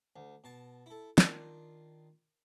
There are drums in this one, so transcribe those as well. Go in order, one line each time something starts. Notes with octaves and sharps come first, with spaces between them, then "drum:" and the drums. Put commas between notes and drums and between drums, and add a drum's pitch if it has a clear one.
D2
B2 A5
E4 A4
D#3 D4 F4, drum: snare